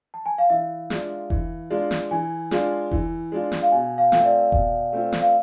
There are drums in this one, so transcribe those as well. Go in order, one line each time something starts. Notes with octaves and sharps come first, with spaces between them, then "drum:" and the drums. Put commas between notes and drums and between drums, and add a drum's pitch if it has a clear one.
A5
G#5
F5
E3 E5
G#3 D4 F4, drum: snare
E3, drum: kick F1
G#3 D4 F4
drum: snare
E3 G#5
G#3 D4 F4, drum: snare
E3, drum: kick F1
G#3 D4 F4
drum: snare
F5
B2 G#5
F5
A3 C4 F4, drum: snare
E5
D5
B2, drum: kick F1
A3 C4 F4
drum: snare
F5